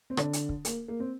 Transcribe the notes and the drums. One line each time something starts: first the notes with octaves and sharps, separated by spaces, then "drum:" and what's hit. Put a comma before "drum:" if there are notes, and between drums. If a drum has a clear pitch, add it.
C4
D3 D4, drum: rim click
drum: hi-hat
drum: kick
A#3, drum: hi-hat
A#3
C4